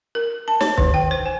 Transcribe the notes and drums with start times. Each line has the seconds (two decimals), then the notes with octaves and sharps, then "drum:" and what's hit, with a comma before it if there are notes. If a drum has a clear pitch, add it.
0.15 A#4
0.48 A5
0.61 C#5, drum: snare
0.78 D#3, drum: kick
0.94 G5
1.11 C5
1.26 G#5